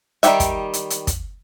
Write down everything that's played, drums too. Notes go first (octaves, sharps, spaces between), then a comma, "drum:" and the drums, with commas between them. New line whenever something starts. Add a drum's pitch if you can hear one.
D#3 G3 F#4 G4 E5, drum: hi-hat
drum: kick, hi-hat
drum: hi-hat
drum: hi-hat
drum: kick, hi-hat